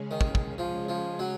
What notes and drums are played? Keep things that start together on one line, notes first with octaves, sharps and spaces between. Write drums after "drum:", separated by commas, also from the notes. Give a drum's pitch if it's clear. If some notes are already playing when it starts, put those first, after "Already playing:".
Already playing: C#3 G#3 C#4 G#4
D#3
drum: kick
drum: kick
F3
F3
F#3